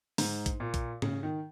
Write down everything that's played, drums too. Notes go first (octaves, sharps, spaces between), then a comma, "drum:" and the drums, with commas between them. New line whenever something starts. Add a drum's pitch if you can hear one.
G#2, drum: open hi-hat
drum: kick A#1, hi-hat
A#2
drum: kick A#1, hi-hat
C#3, drum: tom G#2
D#3